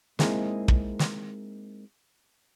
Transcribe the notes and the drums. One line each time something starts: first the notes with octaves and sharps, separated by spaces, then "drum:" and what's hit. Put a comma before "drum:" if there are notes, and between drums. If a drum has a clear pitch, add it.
G#3 A#3 C4 D#4 E4 G#4, drum: snare
drum: kick
drum: snare